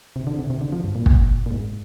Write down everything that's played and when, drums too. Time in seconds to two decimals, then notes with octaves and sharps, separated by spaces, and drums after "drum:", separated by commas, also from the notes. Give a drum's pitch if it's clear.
0.16 C3
0.27 D3
0.39 C3
0.50 C3
0.61 D3
0.72 F3
0.84 G2
0.95 A#2
1.06 drum: kick
1.46 A#2
1.51 G#2